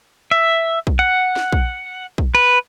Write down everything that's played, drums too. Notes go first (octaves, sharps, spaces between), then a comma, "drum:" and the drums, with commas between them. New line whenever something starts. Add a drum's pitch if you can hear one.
E5
drum: kick A#1
F#5
drum: snare
drum: kick A#1
drum: kick A#1
B4